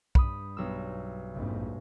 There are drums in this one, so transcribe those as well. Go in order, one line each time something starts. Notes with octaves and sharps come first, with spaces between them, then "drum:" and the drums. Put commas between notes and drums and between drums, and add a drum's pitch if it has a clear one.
G2 B5 D#6, drum: kick
B1 G3 E6
A#1 F2 G#2